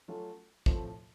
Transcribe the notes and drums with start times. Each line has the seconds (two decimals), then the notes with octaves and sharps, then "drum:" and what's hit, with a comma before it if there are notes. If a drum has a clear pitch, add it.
0.08 F#3 A3 C#4 F4
0.66 A2 F3 A3 C4, drum: kick